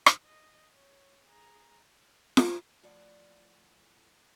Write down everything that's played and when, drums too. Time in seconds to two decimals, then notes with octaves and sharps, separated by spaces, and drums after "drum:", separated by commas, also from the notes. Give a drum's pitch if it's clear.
0.06 drum: rim click
0.25 D#5
0.73 C#5
1.26 G#4 A#5
2.37 drum: snare F4
2.83 A2 F3 D5 F#5